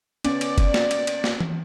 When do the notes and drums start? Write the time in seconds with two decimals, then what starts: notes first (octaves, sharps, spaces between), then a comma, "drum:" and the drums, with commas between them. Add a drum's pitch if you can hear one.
0.25 B3 C#4 D5, drum: cymbal
0.41 drum: cymbal
0.58 drum: kick F#1, cymbal
0.74 drum: snare
0.91 drum: cymbal
1.07 drum: cymbal
1.24 drum: snare
1.40 drum: tom E3